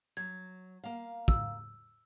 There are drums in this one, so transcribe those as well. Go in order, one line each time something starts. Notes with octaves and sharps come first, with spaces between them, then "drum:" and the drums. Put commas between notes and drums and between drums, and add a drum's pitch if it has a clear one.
F#3 G#6
A#3 F5
E6, drum: kick